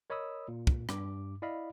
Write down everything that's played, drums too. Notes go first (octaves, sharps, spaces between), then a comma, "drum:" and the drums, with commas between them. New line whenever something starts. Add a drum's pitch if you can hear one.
A#4 C#5 D#5 B5 D#6 E6
A#2
drum: kick
G2 D6, drum: rim click
E4 D5 D#5 F5 B5